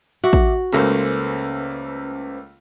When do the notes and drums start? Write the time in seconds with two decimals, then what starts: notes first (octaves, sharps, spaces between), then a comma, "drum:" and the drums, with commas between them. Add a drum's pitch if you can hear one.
0.24 F#4 E5 D6
0.33 drum: kick A1
0.73 C#2 A3 A#3 C#4 B4 C5, drum: hi-hat